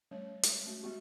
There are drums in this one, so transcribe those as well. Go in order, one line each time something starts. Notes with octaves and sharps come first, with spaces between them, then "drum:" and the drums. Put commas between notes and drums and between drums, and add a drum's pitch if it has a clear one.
G3 A3 C#4 C#5
G#3, drum: hi-hat
G#3 A3 C#4 F#4
G#3 B3 F#4 G4